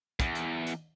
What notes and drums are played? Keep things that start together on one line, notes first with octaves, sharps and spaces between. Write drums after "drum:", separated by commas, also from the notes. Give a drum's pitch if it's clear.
E2, drum: kick, hi-hat
drum: hi-hat
drum: hi-hat